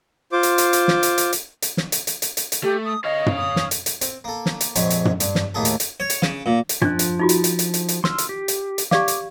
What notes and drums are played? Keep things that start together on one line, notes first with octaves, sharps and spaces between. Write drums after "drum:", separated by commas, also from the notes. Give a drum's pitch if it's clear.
F4 C5 D6
drum: hi-hat
drum: hi-hat
drum: hi-hat
drum: snare
drum: hi-hat
drum: hi-hat
drum: hi-hat
drum: hi-hat
drum: snare
drum: hi-hat
drum: hi-hat
drum: hi-hat
drum: hi-hat
drum: hi-hat
A3 G4
D#6
C#5 D#5 F5
drum: tom
D#6
drum: snare
drum: hi-hat
drum: hi-hat
C4, drum: hi-hat
A#3 A4
drum: snare
drum: hi-hat
A#1 F2 G#2 C#5 G#5, drum: hi-hat
drum: hi-hat
drum: tom
G2, drum: hi-hat
drum: snare
D#2 A2 A3 A#3 G#4 A4
drum: hi-hat
drum: hi-hat
C#5
drum: hi-hat
C#3, drum: snare
A#2
drum: hi-hat
F3 D4 F#6, drum: tom
drum: hi-hat
D#4 F4 F#4
drum: hi-hat
drum: hi-hat
drum: hi-hat
drum: hi-hat
drum: hi-hat
C6 E6 F6, drum: snare
drum: hi-hat
G4
drum: hi-hat
drum: hi-hat
G4 D5 F5 D6, drum: snare
drum: hi-hat